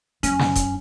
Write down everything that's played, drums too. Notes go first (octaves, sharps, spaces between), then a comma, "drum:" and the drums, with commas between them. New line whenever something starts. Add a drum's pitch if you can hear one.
F#2 C#4, drum: hi-hat
drum: snare
drum: kick E1, hi-hat